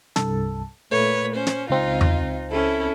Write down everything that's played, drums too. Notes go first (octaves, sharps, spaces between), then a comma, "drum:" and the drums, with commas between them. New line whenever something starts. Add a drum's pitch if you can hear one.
C2 G2 A4, drum: snare
A#2 A3 B4 C#5
C#4 C5
drum: snare
C#2 C4 D#4 F4
drum: tom E2
C#4 E4 A4